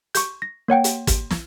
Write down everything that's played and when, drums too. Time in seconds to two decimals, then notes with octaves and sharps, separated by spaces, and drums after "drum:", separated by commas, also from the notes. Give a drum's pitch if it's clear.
0.15 C#6 G6, drum: hi-hat
0.42 A#6
0.68 A#3 C#5 F#5 G5
0.84 drum: hi-hat
1.07 drum: kick, hi-hat
1.31 drum: snare